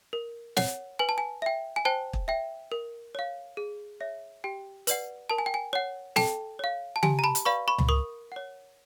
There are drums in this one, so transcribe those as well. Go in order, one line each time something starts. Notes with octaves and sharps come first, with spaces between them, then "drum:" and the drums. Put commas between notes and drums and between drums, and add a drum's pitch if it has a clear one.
A#4
C#5 F#5, drum: snare
B4 G#5
A5
G#5
E5 G5
G#5
C5 G5 A5
drum: kick
E5 G5
A#4
C#5 F5
G#4
C#5 E5
G4 G5
B4 D5 F#5, drum: hi-hat
A#4 A5
G#5
G5
G#5
C#5 F#5
A4 G5 A5, drum: snare
C#5 F5
A5
G4 G#5, drum: tom C#3
A#5
A5 B5
drum: hi-hat
B4 D5 F5 B5 C#6
B5 C#6
drum: tom C#2
A#4 C#6 D#6
C#5 F#5